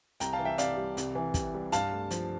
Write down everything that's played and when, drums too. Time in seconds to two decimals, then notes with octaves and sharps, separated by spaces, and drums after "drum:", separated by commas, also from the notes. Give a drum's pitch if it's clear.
0.20 C2 G5 A#5, drum: hi-hat
0.33 F5 A5
0.39 E3
0.45 E5 G5
0.58 C3 D5 F5, drum: hi-hat
0.77 G3
0.97 C2, drum: hi-hat
1.15 E3
1.34 C3, drum: kick, hi-hat
1.54 G3
1.72 G2 F5 A5, drum: hi-hat
1.92 A3
2.11 F3, drum: hi-hat